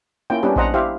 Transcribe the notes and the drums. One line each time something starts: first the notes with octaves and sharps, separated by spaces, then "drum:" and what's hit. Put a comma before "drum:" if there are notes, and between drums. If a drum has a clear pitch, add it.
A#3 C#4 E4 F4 G5
G3 B3 C#4 D4 G4 B4
D4 C5 D#5 F#5 A#5, drum: kick A#1
E4 G4 C5 E5 F5